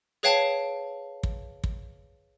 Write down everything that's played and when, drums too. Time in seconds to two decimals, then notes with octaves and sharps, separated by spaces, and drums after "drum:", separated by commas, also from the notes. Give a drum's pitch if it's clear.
0.23 G#4 B4 C#5 F5 G5 A5
1.23 drum: kick
1.64 drum: kick